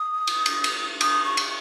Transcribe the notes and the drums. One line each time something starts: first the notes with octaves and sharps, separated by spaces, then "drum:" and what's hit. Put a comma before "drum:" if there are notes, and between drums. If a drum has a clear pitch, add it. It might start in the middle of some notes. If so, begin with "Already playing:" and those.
Already playing: D#6
drum: cymbal
drum: cymbal
drum: cymbal
D#6, drum: cymbal
C#6
drum: cymbal